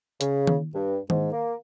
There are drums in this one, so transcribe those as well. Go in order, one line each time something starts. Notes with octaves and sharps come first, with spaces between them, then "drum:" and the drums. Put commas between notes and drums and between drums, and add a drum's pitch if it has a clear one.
C#3, drum: hi-hat
drum: tom D#3
G2
G#2, drum: tom D#3
A#3